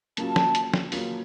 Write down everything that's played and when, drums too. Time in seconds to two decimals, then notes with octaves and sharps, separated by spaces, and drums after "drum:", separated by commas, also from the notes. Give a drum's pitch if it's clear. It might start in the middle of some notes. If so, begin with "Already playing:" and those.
0.17 C#3 F#3 A#3 C#4 F4 A5, drum: hi-hat
0.36 drum: snare
0.55 drum: hi-hat
0.74 drum: snare
0.92 C#3 F#3 A#3 C#4 F4, drum: open hi-hat